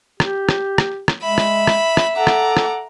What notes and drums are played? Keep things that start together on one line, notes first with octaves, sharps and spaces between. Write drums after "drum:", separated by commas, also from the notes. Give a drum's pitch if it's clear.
G4, drum: rim click
drum: rim click
drum: rim click
drum: rim click
G#3 E5 B5
drum: rim click
drum: rim click
drum: rim click
A4 F#5 A#5 D6
drum: rim click
drum: rim click